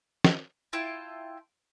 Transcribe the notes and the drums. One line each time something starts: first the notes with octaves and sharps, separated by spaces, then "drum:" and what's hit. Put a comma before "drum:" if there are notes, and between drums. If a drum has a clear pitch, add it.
drum: snare
E4 F4 G5 A5